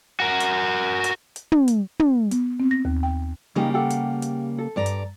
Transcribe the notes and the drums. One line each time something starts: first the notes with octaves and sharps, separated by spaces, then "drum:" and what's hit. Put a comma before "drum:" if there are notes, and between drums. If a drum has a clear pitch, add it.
F#4 A#4
drum: hi-hat
drum: hi-hat
drum: hi-hat
drum: tom
drum: hi-hat
drum: tom
B3, drum: hi-hat
C4
A#6
D#2
G5
C#3 G3 A#3 D#4 G4
G4 A4 F#5
drum: hi-hat
drum: hi-hat
A4
G2 D5 A#5
drum: hi-hat